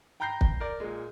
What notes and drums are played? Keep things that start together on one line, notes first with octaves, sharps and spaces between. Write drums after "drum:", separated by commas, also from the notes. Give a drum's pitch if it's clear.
G5 A#5 B5 G6 A#6 C7
drum: kick
A#4 D5
A#2 G#3